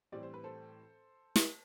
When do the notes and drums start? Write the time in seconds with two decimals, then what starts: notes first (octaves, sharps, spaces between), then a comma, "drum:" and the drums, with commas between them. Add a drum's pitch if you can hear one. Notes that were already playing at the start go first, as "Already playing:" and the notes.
0.12 A2 E3 G3 C4 D5
0.23 C5
0.34 B4
0.44 A4 C5
1.36 drum: snare